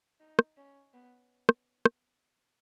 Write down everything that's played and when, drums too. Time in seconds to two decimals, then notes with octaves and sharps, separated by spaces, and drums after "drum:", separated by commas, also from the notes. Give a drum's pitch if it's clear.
0.20 D#4
0.39 drum: rim click
0.57 C#4
0.94 B3
1.49 drum: rim click
1.85 drum: rim click